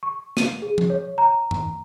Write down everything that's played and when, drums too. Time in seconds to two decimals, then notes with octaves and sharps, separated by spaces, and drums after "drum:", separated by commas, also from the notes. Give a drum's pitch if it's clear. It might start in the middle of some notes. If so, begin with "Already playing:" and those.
0.03 C#6
0.37 D#7, drum: snare
0.62 G#4
0.78 drum: tom
0.90 C#5
1.18 A#5
1.51 drum: tom G2